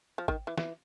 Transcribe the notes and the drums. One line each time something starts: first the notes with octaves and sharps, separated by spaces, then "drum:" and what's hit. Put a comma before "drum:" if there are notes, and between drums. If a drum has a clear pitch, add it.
F3
D#3, drum: kick G#1
E3
E3, drum: snare